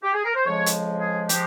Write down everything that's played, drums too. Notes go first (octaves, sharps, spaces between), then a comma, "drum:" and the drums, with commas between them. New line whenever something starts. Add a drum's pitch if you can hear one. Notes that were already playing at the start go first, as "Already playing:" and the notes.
G4
G#4
A#4
C5
F2 C#3 F3 G#3 C#5
drum: hi-hat
G#4
F3 G#3 G4, drum: hi-hat